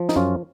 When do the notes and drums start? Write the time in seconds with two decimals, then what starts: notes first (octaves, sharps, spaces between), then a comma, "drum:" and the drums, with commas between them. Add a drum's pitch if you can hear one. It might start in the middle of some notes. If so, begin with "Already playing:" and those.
Already playing: F3
0.09 D#4, drum: snare
0.16 F#2 C#4 F4